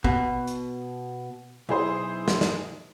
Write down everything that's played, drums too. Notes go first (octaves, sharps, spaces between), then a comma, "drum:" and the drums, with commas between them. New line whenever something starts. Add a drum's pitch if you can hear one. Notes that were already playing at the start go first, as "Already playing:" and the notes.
B2, drum: kick
drum: hi-hat
B1 E4 G#4 C5
drum: snare
drum: snare